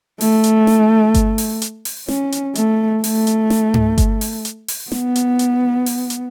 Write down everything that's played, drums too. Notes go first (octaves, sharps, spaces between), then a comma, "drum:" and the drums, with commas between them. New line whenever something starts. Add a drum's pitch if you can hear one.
A3, drum: open hi-hat
drum: hi-hat
drum: snare
drum: kick G1, hi-hat
drum: open hi-hat
drum: hi-hat
drum: open hi-hat
C#4, drum: snare
drum: hi-hat
A3, drum: hi-hat
A3, drum: open hi-hat
drum: hi-hat
drum: snare
drum: tom G#2
drum: kick G1, hi-hat
drum: open hi-hat
drum: hi-hat
drum: open hi-hat
B3, drum: snare
drum: hi-hat
drum: hi-hat
drum: open hi-hat
drum: hi-hat